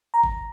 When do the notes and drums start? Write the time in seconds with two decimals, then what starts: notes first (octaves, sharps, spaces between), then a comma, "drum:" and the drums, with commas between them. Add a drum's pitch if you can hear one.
0.14 A#5
0.24 drum: kick G#1